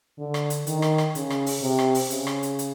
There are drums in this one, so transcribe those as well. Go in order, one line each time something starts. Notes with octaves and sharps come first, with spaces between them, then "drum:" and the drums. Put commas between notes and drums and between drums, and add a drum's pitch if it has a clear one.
D3
drum: rim click
drum: hi-hat
D#3, drum: hi-hat
drum: rim click
drum: rim click
C#3, drum: hi-hat
drum: rim click
drum: open hi-hat
C3
drum: rim click
drum: open hi-hat
C#3, drum: hi-hat
drum: rim click
drum: hi-hat
drum: hi-hat